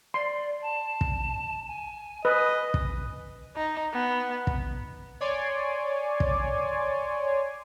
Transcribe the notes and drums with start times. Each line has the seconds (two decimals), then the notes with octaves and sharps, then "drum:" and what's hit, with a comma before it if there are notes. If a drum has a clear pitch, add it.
0.14 D5 C6
0.62 A5
1.01 drum: kick
1.68 G#5
2.25 B4 D#5 G#5
2.74 drum: kick
3.56 D#4
3.93 B3
4.47 drum: kick
5.21 C#5 D5 G#5 C6 D6
6.20 drum: kick